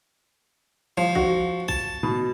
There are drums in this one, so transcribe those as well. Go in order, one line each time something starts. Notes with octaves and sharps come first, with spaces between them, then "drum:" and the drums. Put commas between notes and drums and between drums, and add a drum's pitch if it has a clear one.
F3
F#4, drum: kick A#1
A5, drum: kick A#1
B2, drum: tom G#2